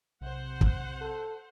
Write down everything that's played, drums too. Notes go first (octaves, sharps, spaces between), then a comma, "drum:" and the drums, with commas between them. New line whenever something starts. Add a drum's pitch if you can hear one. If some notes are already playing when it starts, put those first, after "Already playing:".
B1 C3 C5 F#5
drum: kick
A4